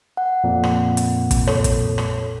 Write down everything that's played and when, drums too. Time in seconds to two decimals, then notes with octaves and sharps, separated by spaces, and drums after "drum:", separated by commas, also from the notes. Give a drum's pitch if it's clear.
0.17 F#5
0.44 F2 A#2
0.63 drum: rim click
0.97 drum: hi-hat
1.31 drum: kick, hi-hat
1.47 A4 C#5, drum: rim click
1.64 drum: kick, hi-hat
1.98 drum: rim click